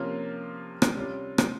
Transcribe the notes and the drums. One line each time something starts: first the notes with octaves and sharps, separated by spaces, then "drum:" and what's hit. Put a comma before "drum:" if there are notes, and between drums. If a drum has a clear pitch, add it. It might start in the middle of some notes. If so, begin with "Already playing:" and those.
Already playing: C3 F3 A#3 C#4 F4
drum: rim click
C3 G3 C#4 F4
drum: rim click